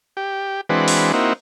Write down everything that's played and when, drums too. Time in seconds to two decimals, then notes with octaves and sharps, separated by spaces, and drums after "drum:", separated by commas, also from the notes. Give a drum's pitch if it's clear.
0.17 G4
0.69 E3 G#3 C4 D4 F#4 B4
0.88 drum: open hi-hat
1.13 A#3 C4 D#4 E4 F#4